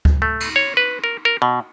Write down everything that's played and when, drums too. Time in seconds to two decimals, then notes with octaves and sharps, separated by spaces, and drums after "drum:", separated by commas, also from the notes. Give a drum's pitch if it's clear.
0.05 drum: kick D2
0.22 A3
0.40 drum: cymbal
0.56 C#5
0.77 B4
1.04 A#4
1.25 A#4
1.42 B2